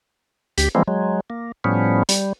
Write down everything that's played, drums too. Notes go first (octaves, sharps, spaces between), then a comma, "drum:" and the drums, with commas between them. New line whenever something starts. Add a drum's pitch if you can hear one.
D2 G4, drum: hi-hat
E3 F3 G3 G#3 A#3 C4
F#3 G#3
A#3
A2 F3 G3 B3 C#4
G3, drum: hi-hat